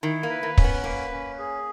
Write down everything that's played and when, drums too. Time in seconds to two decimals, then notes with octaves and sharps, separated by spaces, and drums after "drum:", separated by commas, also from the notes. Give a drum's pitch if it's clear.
0.03 D#3 E4
0.23 A#3
0.30 B4
0.43 A#3
0.58 C#4, drum: kick
0.64 B3
0.84 A#3 B4
1.12 C#4
1.38 G#4